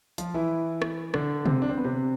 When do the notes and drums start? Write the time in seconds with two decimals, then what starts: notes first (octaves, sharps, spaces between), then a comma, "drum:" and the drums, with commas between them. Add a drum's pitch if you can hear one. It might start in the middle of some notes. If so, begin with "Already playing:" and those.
0.18 F3 F4, drum: hi-hat
0.34 E3 E4
0.82 drum: rim click
1.14 D3 D4, drum: rim click
1.46 C3 C4, drum: tom C3
1.62 D4
1.69 C4
1.77 B3
1.84 C3 C4